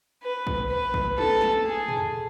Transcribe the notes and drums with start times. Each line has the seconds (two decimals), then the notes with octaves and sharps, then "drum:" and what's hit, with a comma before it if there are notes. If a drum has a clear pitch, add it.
0.23 B4
0.47 drum: kick
0.70 B4
0.94 drum: kick
1.18 A4, drum: tom
1.41 drum: snare
1.65 G#4
1.88 drum: tom